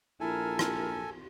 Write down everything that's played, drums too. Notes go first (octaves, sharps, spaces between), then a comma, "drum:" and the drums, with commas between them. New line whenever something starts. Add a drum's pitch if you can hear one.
A#1 E4 A4 A#4 G#5
drum: rim click